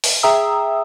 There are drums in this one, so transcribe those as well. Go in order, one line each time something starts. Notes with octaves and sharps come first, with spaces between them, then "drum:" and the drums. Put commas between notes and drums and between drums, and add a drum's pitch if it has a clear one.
drum: open hi-hat
G#4 E5 G5 A#5 D#6 E6